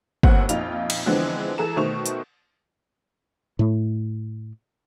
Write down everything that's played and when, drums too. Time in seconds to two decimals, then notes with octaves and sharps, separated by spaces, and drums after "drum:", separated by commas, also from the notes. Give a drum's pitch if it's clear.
0.23 G1 D#2 C4 F#5, drum: kick
0.49 A#1 F2 D#4 F4 F7, drum: hi-hat
0.90 drum: cymbal
1.06 D3 E3 F3 G#3 B3 C4
1.58 E3 G#4 A4 A#5 E7
1.76 B2 D#3 A3 C5 C#6 F7
2.06 drum: hi-hat
3.59 A2 A3